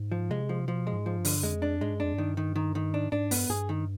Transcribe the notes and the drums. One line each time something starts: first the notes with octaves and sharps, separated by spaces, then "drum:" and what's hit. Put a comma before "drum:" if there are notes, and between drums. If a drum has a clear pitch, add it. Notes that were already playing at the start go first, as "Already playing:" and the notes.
Already playing: G#2
F3
C3 G#3
F3
B2 F3
G#3
G#2
F3
G2
D3, drum: open hi-hat
F2 G#3
D4
G#2 G#3
G2
F2 D4
G2 D#3
D#3
D#3
D#3
G#2 D4
G#2 D4
G2 B3, drum: open hi-hat
G2 G#4
D#3